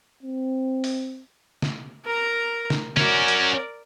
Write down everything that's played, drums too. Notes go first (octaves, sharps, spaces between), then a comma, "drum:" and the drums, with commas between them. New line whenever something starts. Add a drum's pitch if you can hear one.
C4
drum: open hi-hat
drum: snare
A#4 A#5
drum: snare
C#4 F#4 A#4 D5, drum: snare
drum: hi-hat